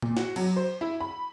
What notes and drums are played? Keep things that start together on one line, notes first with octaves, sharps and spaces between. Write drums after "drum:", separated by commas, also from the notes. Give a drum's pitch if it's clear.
A#2, drum: tom A#2
F#4, drum: snare
F#3, drum: cymbal
C5
E4
B5